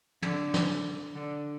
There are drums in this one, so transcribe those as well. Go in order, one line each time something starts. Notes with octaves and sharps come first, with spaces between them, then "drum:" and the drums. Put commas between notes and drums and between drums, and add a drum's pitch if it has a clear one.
D3, drum: tom
drum: snare
D3